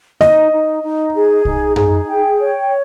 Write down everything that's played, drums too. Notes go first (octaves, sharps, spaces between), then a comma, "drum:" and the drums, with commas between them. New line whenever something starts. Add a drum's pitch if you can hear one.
D#4 D#5, drum: snare A#3
D#4
D#4
G#4
D#4, drum: kick
G#4, drum: tom F#2
G5
C#5